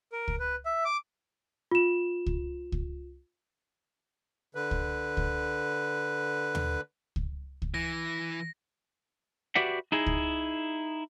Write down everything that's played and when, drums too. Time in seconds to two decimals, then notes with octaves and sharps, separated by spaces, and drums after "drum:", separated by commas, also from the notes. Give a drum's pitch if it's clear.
0.12 A#4
0.28 drum: kick C#2
0.39 B4
0.66 E5
0.85 D6
1.71 F4 E7
2.26 drum: kick C#2
2.72 drum: kick C#2
4.55 D3 B4
4.71 drum: kick C#2
5.17 drum: kick C#2
6.55 drum: tom D#2
7.16 drum: kick C#2
7.62 drum: kick C#2
7.74 E3 A#6
9.55 F#4 G4 B4 D5 E5 F#5
9.92 D#4 E4 G#4
10.07 drum: kick C#2